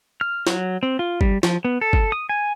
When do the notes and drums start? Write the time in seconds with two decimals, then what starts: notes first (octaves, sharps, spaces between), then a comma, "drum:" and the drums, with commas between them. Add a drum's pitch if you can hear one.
0.21 F6
0.47 F#3, drum: snare
0.83 C4
0.99 F4
1.21 G3, drum: kick G1
1.43 F3, drum: snare
1.65 B3
1.81 A4
1.93 drum: kick G1
2.12 D#6
2.29 G#5